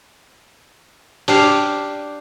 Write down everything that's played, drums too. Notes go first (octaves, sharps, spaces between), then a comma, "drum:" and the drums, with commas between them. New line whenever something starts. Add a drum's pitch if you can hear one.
D4 G4 F5, drum: open hi-hat